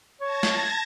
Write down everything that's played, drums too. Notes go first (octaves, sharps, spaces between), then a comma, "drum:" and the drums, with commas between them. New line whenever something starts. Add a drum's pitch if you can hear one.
C#5 A5 G#6 A#6
drum: snare